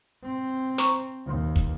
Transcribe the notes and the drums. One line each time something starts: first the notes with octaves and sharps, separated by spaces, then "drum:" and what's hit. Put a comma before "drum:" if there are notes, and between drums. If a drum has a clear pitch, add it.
C4
C5 A#5 C#6, drum: snare
D#2
drum: kick